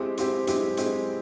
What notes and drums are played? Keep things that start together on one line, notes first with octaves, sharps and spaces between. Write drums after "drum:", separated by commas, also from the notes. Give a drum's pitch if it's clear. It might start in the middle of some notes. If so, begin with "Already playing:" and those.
Already playing: G#3 C4 E4 G4
G#3 C4 E4 G4, drum: hi-hat
G#3 C4 E4 G4, drum: hi-hat
G#3 C4 E4 G4, drum: hi-hat